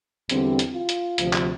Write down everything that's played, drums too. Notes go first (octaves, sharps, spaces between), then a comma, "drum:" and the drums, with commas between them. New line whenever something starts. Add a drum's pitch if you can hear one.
E2 D3 G3 C4, drum: hi-hat
drum: hi-hat
F4
drum: hi-hat
D2 C3 F3, drum: hi-hat
drum: clap